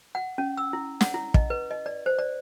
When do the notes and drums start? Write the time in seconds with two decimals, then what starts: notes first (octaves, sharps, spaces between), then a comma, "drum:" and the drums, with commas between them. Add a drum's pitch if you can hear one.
0.15 F#5
0.38 C#4
0.57 E6
0.73 E4
1.01 F#5, drum: snare
1.14 E4
1.34 D#5, drum: kick
1.50 B4
1.71 D#5
1.86 D5
2.06 C5
2.19 D5